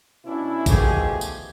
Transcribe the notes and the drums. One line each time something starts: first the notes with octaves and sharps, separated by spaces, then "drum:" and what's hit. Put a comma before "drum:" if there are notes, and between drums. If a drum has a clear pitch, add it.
B2 C#4 D4 E4
B2 D#3 F3 A3 G4 G#4, drum: kick A1, tambourine
drum: tambourine